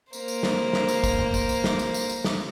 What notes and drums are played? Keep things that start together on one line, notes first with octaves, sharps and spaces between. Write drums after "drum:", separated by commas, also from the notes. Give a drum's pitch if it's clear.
A#3 C5, drum: tambourine
drum: tambourine
drum: snare
drum: snare
drum: tambourine
drum: kick, tambourine
drum: tom F#2
drum: kick, tambourine
drum: tambourine
drum: snare
drum: tambourine
drum: tambourine
drum: tambourine
drum: snare